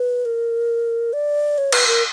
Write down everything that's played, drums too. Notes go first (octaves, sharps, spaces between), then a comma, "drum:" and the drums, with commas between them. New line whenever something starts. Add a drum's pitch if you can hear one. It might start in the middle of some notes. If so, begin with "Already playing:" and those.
Already playing: B4
A#4
D5
C#5
B4, drum: cymbal
A#4